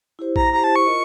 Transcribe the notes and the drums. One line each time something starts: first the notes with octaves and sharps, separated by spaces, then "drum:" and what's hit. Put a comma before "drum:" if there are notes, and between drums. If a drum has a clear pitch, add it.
E4 G4 C5
A#5, drum: kick A#1
E4 G4 C5 A#5
A5
C#6
F4 A#4 D#5